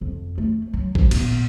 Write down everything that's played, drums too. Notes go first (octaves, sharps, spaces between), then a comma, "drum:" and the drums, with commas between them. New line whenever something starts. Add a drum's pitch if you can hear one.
F2
A3
F#3
F3, drum: kick G#1
A#2 B3, drum: cymbal